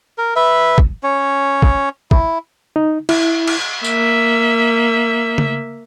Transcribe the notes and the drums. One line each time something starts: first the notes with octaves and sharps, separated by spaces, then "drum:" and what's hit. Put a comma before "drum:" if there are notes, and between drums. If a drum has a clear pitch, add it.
A#4
B4 E5
drum: kick
C#4 C#5
drum: kick
E4, drum: kick
D#4
E4, drum: cymbal
drum: cymbal
A#3 E5, drum: tambourine
drum: tom